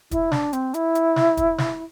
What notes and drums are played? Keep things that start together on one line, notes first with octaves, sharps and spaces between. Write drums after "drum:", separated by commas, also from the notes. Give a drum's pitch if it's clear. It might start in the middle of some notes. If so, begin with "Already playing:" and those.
E4, drum: kick, hi-hat
D4, drum: snare
C4, drum: hi-hat
E4, drum: hi-hat
drum: hi-hat
drum: snare
drum: kick, hi-hat
drum: snare